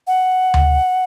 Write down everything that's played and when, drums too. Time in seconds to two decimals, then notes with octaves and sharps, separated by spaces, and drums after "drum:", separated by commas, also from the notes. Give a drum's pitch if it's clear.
0.07 F#5
0.54 drum: tom D2